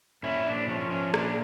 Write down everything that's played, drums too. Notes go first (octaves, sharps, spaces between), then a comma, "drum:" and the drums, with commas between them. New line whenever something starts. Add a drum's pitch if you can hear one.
A#2 C#4 E4
D4
F3 C#4
C#4
A#2 D4, drum: rim click